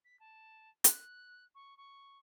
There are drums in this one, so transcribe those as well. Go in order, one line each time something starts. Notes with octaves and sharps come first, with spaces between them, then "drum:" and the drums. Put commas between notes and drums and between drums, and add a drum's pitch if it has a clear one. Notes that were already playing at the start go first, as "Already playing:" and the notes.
B6
A5
F#6, drum: hi-hat
C#6
C#6